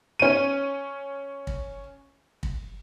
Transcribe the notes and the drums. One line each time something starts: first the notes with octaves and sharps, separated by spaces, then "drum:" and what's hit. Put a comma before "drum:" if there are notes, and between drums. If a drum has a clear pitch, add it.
C#4 D#7
drum: kick
drum: kick